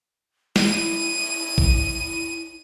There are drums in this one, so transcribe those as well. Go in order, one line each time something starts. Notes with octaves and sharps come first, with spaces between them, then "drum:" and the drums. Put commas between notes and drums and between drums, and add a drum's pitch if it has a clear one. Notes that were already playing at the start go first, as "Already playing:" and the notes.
E4 D#7, drum: snare
drum: kick